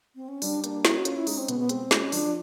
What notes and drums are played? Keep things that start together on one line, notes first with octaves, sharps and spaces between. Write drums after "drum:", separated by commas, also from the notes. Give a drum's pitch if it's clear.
C4
C#4
G3 D4, drum: open hi-hat
A#3 D4, drum: hi-hat
C#4 E4, drum: snare
F#4
C#4 F4, drum: hi-hat
E4
G#3 D#4, drum: open hi-hat
C4
B2 B3, drum: hi-hat
B3
G#3 C4, drum: hi-hat
G#3 C#4, drum: snare
F3 D4, drum: open hi-hat